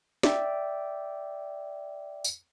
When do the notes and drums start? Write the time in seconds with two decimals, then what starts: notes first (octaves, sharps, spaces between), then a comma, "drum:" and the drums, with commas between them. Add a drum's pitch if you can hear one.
0.23 D5 E5 G5, drum: snare
2.24 drum: tambourine